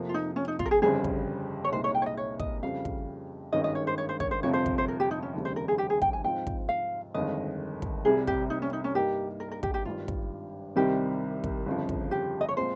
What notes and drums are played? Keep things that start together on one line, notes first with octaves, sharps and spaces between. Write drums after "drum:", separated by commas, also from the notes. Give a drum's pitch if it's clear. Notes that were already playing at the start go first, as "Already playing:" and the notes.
Already playing: F2 C3 F3 A#3
F4
D#4
C#4
D#4
F4, drum: kick
A#4
G#4
G1 F2 C#3 G3 C4 G#4
drum: kick
C#5
C2 A#2 G#3 D#4 C5
C#5
G5
C#5
D#5
C#5
D#5, drum: kick
F2 C#3 G3 C4 F4 F5
drum: kick
G#1 G2 D#3 G#3 C#4 D#5
D#5
C#5
C5
C#5
C5
C#5, drum: kick
C5
G1 F2 C3 F3 C#5
C5
drum: kick
C5
A#4
G4
D#4
C#4
F1 D#2 C#3 G3 C4
C5
A#4
G#4
G4
G#4
G5, drum: kick
G#5
G#2 F3 C4 F4 G5
drum: kick
F5
G1 F2 D#3 G#3 D#5
drum: kick
C2 C3 G3 G#4
G4, drum: kick
D#4
C#4
D#4
C#4
G2 G3 A#3 D#4 G4
A#4
A#4
G4, drum: kick
G4
G#1 G2 G3 F4
drum: kick
C2 C3 D#3 G3 C4 G4
drum: kick
G1 F2 C#3 F3
drum: kick
G4
D#5
C#5
A#2 G#3 C4 F4 C5